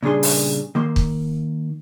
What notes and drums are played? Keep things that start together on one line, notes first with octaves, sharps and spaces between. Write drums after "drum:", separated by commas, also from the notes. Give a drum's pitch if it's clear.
A#2 C#3 G3 D4 G#4 C6
drum: open hi-hat
D#3 A#3 C6
drum: kick